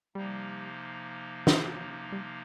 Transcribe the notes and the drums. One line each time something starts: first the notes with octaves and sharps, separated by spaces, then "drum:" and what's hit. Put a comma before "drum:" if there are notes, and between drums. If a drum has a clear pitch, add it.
C3 F3 G3 A#3 D#4
drum: snare
G3